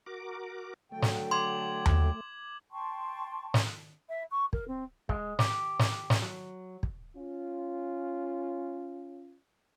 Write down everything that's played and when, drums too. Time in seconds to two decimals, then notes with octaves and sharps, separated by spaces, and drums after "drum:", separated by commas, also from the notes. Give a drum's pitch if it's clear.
0.06 F#4 A#4 D6
0.92 D3 F#3 A3 G5
1.02 drum: snare
1.31 C6 D6 G#6 F#7
1.86 drum: tom D#2
2.72 G5 A5 C6 C#6
3.54 drum: snare
4.09 E5
4.31 C#6
4.53 A#4, drum: kick
4.68 C4
5.09 G#3, drum: kick
5.39 G4, drum: snare
5.79 drum: snare
6.10 drum: snare
6.22 F#3
6.83 drum: kick
7.16 C#4 F4